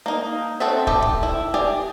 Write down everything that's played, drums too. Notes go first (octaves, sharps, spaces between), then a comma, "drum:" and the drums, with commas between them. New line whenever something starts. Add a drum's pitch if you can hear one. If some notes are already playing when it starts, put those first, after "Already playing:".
A#3 D#4
C4 F#4 A4 C#5 E5
A3 G4, drum: kick
drum: kick
E4
G4 G#4 D5